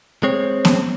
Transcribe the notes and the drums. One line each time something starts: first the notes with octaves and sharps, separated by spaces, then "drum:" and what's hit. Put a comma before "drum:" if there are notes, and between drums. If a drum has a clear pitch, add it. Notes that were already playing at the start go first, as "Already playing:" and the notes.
G#3 C4 C#5
drum: snare B3